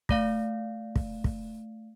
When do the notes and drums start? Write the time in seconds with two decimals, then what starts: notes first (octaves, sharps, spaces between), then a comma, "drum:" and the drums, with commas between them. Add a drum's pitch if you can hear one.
0.09 A3 D5 F5, drum: kick
0.96 drum: kick
1.24 drum: kick